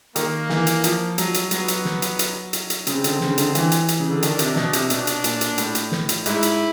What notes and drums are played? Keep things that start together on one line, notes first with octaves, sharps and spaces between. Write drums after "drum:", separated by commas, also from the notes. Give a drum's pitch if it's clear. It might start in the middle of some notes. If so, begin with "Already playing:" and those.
D#3 A#3, drum: hi-hat
E3, drum: snare
drum: hi-hat
F3, drum: hi-hat
F#3, drum: hi-hat
drum: hi-hat
F#3 B3, drum: hi-hat
drum: hi-hat
drum: snare
drum: hi-hat
drum: hi-hat
drum: hi-hat
drum: hi-hat
C#3 C4, drum: hi-hat
D3, drum: hi-hat
C#3, drum: snare
D3, drum: hi-hat
E3, drum: hi-hat
drum: hi-hat
drum: hi-hat
C#3
D3
D#3 D4, drum: hi-hat
C3, drum: hi-hat
B2, drum: snare
C3, drum: hi-hat
B2 D4, drum: hi-hat
drum: hi-hat
A#2, drum: hi-hat
drum: hi-hat
A2, drum: hi-hat
drum: hi-hat
drum: snare
drum: hi-hat
G#2 E4, drum: hi-hat
drum: hi-hat